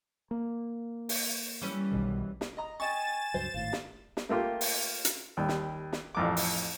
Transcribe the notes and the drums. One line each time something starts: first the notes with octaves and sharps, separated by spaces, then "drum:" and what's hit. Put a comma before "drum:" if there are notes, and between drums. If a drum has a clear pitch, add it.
A#3
drum: open hi-hat
E3 G3 C#4
B1 B2 D#3
drum: snare
D#5 A#5
D#5 G5 G#5 C#6 A6 E7
C#2 G2 F#3 C5
G#1 A2 F5
drum: snare
drum: snare
A3 A#3 F4 G4
drum: open hi-hat
drum: hi-hat
D#2 G3
drum: snare
drum: snare
A1 F2 D6
drum: open hi-hat